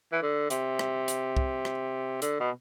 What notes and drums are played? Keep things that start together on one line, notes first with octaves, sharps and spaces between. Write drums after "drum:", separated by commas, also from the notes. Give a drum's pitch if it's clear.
E3
D3
C3, drum: hi-hat
drum: rim click
drum: hi-hat
drum: kick
drum: rim click
D3, drum: hi-hat
B2